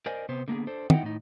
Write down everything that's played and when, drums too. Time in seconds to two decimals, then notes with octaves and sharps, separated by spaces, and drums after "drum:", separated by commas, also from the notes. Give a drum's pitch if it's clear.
0.06 A#4 C5 D5 D#5 G#5
0.29 C3 B3 B4 C5
0.48 D3 A#3 B3 G#4
0.67 D4 A4 C5
0.90 D#4 E4 B4 C5 F#5 G5, drum: tom
1.03 A2 D#4